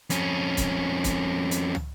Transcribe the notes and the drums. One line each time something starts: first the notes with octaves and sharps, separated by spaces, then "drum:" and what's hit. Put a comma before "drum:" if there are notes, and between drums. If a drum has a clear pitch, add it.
F2 C#4, drum: hi-hat
drum: kick C#1, hi-hat
drum: kick C#1, hi-hat
drum: hi-hat
drum: tom